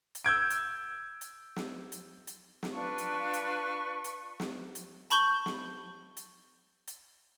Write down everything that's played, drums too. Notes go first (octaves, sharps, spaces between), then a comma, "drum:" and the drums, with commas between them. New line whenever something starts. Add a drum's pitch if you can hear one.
drum: hi-hat
E6 G6 G#6 D7
drum: hi-hat
drum: hi-hat
drum: snare
drum: hi-hat
drum: hi-hat
drum: snare
D4 F4 B4 C#6
drum: hi-hat
drum: hi-hat
drum: hi-hat
drum: snare
drum: hi-hat
A5 B5 C#6 G6 G7, drum: hi-hat
drum: snare
drum: hi-hat
drum: hi-hat